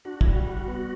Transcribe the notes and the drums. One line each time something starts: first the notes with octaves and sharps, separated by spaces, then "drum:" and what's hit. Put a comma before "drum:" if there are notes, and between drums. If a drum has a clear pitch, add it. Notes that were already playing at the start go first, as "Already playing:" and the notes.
D4 F#4
E4, drum: kick
G3 F#4
G3 F#4
B3